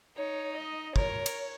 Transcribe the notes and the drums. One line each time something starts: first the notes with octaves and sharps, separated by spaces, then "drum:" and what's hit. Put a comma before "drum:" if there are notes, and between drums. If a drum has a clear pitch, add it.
D#4 C#5
D#5
A#4 C#5, drum: kick
drum: cymbal